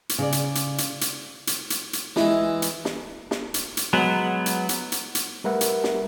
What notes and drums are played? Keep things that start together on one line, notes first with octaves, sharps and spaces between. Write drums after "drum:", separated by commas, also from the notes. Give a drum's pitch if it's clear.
drum: hi-hat
C#3 D5
drum: hi-hat
drum: hi-hat
drum: hi-hat
drum: hi-hat
drum: hi-hat
drum: hi-hat
drum: hi-hat
E3 G#3, drum: snare
drum: hi-hat
drum: snare
drum: snare
drum: hi-hat
drum: hi-hat
F#3 G#3 B3
drum: hi-hat
drum: hi-hat
drum: hi-hat
drum: hi-hat
G3 A3 A#4 B4 E5 F#5
drum: hi-hat
drum: snare